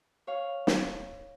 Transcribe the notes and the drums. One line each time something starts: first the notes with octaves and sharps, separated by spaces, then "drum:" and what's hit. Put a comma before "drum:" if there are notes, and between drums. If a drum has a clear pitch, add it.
C#5 F5
drum: snare